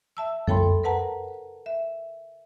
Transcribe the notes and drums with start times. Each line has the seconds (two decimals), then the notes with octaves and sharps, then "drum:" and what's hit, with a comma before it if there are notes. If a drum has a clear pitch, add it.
0.17 E5 A5 E6
0.47 A4 C#5 G5 A5 B5 C6, drum: tom F#2
0.83 A#4 B4 F#5 A5 A#5
1.66 E5